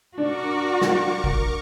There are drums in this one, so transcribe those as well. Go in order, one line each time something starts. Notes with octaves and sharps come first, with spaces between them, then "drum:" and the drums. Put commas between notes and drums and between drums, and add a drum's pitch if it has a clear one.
D4 F#4 A#4 C#6 D6
drum: snare
drum: kick